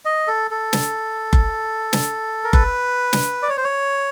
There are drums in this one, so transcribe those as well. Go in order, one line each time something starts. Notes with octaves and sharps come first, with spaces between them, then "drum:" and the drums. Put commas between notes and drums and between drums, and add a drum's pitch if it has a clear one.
D#5
A4
A4
drum: snare
drum: kick F#1
drum: snare
A#4
B4, drum: kick F#1
drum: snare
D5
C#5
C5
C#5